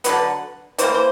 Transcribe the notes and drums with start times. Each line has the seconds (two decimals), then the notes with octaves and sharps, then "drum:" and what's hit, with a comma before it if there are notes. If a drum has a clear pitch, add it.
0.04 D3 F#3 B3 B4, drum: hi-hat
0.78 E3 G3 A#3 C5, drum: hi-hat
0.94 C5